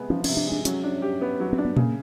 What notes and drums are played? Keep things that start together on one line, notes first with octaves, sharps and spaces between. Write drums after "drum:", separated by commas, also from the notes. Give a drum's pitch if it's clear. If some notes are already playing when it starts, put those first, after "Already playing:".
Already playing: C3 G#3 B3
F3 C#4
C3 C#4, drum: cymbal
D4
G#3
D4
F#3 C#4, drum: hi-hat
D4
G4
B3
F#3
C4
D4
B3
C#3 A#3, drum: tom A#2